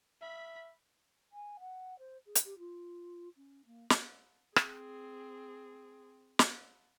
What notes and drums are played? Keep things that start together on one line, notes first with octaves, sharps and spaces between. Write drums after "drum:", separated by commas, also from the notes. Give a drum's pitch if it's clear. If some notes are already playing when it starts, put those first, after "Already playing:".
E5 B5 B6
G#5
F#5
C5
G#4
drum: hi-hat
G4
F4
C#4
A#3
drum: snare
C4 G#4, drum: rim click
drum: snare